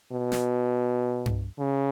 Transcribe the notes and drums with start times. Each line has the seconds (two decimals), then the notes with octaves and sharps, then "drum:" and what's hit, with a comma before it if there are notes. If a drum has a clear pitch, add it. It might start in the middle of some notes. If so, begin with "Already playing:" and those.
0.12 B2
0.32 drum: snare
1.26 drum: tom G2
1.60 C#3